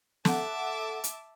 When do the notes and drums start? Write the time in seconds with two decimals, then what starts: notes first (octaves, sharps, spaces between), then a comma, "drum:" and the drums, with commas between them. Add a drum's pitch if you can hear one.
0.25 A4 E5 F#5 A5 D6, drum: snare
1.04 drum: hi-hat